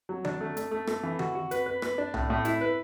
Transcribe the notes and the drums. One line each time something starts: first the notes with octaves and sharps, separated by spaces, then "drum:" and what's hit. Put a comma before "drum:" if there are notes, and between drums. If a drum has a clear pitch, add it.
F#3
D4, drum: tom D#3
A3
A3, drum: hi-hat
A3
A3, drum: rim click
E3
F#4, drum: tom D#3
F#4
B4, drum: hi-hat
B4
B4, drum: rim click
D4
A2, drum: tom C2
A2
E4, drum: hi-hat
B4